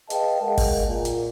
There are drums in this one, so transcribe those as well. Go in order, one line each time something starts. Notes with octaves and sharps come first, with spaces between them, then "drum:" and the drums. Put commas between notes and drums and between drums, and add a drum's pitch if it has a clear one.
G#4 B4 D#5 F5 G5 A5, drum: hi-hat
G#3 G#4 A#4 D#5 F5 F#5
drum: kick, open hi-hat
A#2
drum: hi-hat